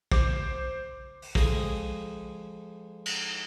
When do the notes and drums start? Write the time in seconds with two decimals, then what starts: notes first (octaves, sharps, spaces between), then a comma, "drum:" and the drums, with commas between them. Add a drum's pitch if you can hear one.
0.12 C5 D6, drum: kick
1.22 drum: open hi-hat
1.35 F2 G#3 G#4 D#6, drum: kick
3.06 drum: cymbal